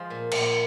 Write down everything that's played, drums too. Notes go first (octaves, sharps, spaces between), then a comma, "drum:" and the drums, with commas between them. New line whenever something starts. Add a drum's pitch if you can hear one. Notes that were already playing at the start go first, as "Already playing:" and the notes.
Already playing: F3 G#3 F4
A#2
A#2, drum: cymbal